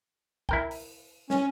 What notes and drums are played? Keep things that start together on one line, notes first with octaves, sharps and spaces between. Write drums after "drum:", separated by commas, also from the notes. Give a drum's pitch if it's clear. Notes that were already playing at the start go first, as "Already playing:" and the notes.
E4 A#4 G5, drum: kick B1
drum: open hi-hat
C#4, drum: snare